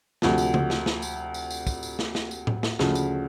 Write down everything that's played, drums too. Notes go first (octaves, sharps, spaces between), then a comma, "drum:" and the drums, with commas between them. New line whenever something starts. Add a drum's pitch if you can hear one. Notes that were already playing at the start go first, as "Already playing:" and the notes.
D2 C3 F3, drum: snare
drum: tambourine
drum: tom C#3
drum: snare
drum: snare
drum: tambourine
drum: tambourine
drum: tambourine
drum: kick, tambourine
drum: tambourine
drum: snare
drum: snare
drum: tambourine
drum: tom A2
drum: snare
D2 C#3 F3, drum: snare
drum: tambourine